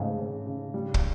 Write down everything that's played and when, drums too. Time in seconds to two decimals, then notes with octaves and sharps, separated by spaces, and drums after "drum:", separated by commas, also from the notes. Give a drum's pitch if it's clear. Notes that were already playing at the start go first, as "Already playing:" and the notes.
Already playing: G#2 C#3 E3 A3
0.19 C#3
0.47 C#3
0.74 G3
0.94 drum: kick